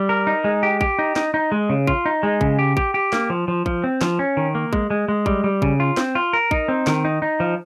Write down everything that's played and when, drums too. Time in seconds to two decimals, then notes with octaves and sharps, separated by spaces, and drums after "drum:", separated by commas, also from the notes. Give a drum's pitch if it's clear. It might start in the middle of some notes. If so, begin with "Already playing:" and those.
Already playing: G3
0.09 A#4
0.27 D#4
0.44 G#3
0.63 G4
0.81 G4, drum: kick A1
0.99 D#4
1.16 D#4, drum: snare
1.34 D#4
1.52 G#3
1.70 C#3
1.87 F4, drum: kick A1
2.06 D#4
2.23 G#3
2.41 C#3, drum: kick A1
2.59 G4
2.77 G4, drum: kick A1
2.94 G4
3.13 A#3, drum: snare
3.30 F3
3.48 F3
3.66 F3, drum: kick A1
3.84 C4
4.01 F3, drum: snare
4.19 C#4
4.37 D#3
4.55 A#3
4.73 G#3, drum: kick A1
4.90 G#3
5.08 G#3
5.26 G3, drum: kick A1
5.44 G3
5.62 C#3, drum: kick A1
5.80 F4
5.97 C4, drum: snare
6.15 F4
6.33 A#4
6.51 D#4, drum: kick A1
6.68 C4
6.87 D#3, drum: snare
7.05 D#4
7.22 D#4
7.40 F3